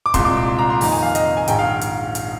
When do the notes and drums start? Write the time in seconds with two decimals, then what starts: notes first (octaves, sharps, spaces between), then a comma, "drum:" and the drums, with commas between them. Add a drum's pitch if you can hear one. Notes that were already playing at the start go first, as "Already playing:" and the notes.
0.06 D6
0.14 C2 A#2 G#3 C6, drum: kick, hi-hat
0.25 D6
0.37 D6
0.48 C6
0.59 A#5
0.70 C6
0.81 F2 C3 D#3 A#3 D#4 A#5, drum: open hi-hat
0.92 G#5
1.03 F5
1.15 D#5, drum: hi-hat
1.25 F5
1.37 G#5
1.48 A#1 G#2 D#3 G5, drum: hi-hat
1.59 F5
1.81 drum: hi-hat
2.15 drum: hi-hat